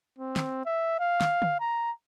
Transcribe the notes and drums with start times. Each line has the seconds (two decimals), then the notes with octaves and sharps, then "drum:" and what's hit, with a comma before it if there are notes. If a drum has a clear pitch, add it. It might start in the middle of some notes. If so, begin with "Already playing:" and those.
0.19 C4
0.36 drum: snare
0.66 E5
0.99 F5
1.21 drum: snare
1.42 drum: tom
1.60 A#5